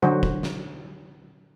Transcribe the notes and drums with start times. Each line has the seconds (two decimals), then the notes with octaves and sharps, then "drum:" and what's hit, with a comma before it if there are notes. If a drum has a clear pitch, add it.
0.02 D3 F#3 F#4 C5
0.23 drum: kick
0.43 drum: snare